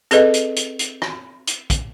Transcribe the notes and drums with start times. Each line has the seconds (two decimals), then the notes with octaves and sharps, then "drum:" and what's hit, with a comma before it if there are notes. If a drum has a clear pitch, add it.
0.11 C4 G#4 A4 B4 D#5, drum: hi-hat
0.34 drum: hi-hat
0.56 drum: hi-hat
0.79 drum: hi-hat
1.02 drum: rim click
1.47 drum: hi-hat
1.70 drum: kick, hi-hat